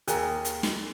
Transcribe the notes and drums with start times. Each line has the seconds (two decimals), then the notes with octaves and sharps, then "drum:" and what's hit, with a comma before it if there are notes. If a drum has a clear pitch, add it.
0.08 D#2 G#4 A#4, drum: hi-hat
0.45 drum: hi-hat
0.63 drum: snare